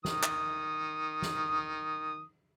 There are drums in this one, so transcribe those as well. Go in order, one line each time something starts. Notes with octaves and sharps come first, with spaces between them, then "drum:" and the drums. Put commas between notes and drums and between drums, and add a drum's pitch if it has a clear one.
D#3 D#6, drum: snare
drum: clap
drum: snare